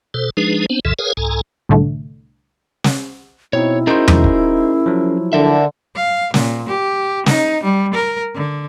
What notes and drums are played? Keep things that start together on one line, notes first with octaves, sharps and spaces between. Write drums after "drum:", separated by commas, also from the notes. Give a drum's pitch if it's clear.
B2 A4 C5
F3 G#3 D4 D#4 G#4 B4
B3 C4 D4 C5
C2 F2 A#2 E3 A4 E5
G#4 A#4 B4 C#5 F5 G#5
C2 G#2 A4 G#5 A#5
C2 A2 D3 A3
drum: snare
B2 C4 D#4 E4 C#5
C#4 D#4 F#4 G#4 A#4 C5
drum: tom E2
drum: kick
F3 F#3
D3 A#4 E5
F5
A#2, drum: snare
G4
D#4, drum: snare
G3
A#4
D3